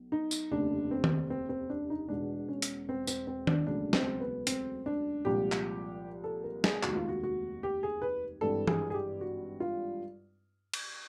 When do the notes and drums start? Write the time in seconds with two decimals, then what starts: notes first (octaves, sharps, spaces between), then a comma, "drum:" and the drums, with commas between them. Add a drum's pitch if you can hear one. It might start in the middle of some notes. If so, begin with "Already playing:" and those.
Already playing: B1
0.12 D#4
0.31 drum: tambourine
0.51 F1 D#2 C#3 D4
0.91 C4
1.04 drum: tom D#3
1.30 C4
1.49 C4
1.70 D4
1.90 D#4
2.09 E1 E2 B2 D4
2.48 C#4
2.62 drum: hi-hat
2.89 C4
3.07 C4, drum: tambourine
3.27 C4
3.47 D4, drum: tom D#3
3.67 E1 D2 C#3 F#3 D4
3.93 C4, drum: snare
4.20 B3
4.47 C4, drum: hi-hat
4.86 D4
5.25 C2 A#2 F3 G#3 G4
5.52 drum: clap
6.24 A4
6.44 A#4
6.64 G#4, drum: snare
6.83 F1 D#2 D#3 G#3 F#4, drum: clap
6.96 F4
7.08 F#4
7.24 F#4
7.63 G4
7.83 G#4
8.02 B4
8.41 G#1 G2 E3 G3 A4
8.67 G#4, drum: tom E3
8.90 G#4
8.94 G4
9.21 F#4
9.60 F4
10.74 drum: cymbal